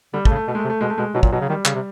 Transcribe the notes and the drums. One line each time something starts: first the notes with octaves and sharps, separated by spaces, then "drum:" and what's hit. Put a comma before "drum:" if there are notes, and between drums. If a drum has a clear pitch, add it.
D3 G3
A3, drum: kick
C#3
A3
B2 A3
G#3
A3
C3
A3
B2 G#3
A3
B2 G#3
B2 F#3
A#2, drum: kick
B2 F#3
C#3
D#3 G3
C#3, drum: clap
C3